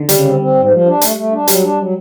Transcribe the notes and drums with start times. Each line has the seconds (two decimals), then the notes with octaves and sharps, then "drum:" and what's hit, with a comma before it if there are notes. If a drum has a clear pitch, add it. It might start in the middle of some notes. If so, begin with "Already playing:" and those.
Already playing: D3 D#3
0.09 C#3 G3, drum: hi-hat
0.25 C4
0.40 C4
0.55 G#2
0.71 F3
0.86 D4
1.01 A3, drum: hi-hat
1.16 A3
1.32 D4
1.48 F#3 G3, drum: hi-hat
1.63 D4
1.78 F#3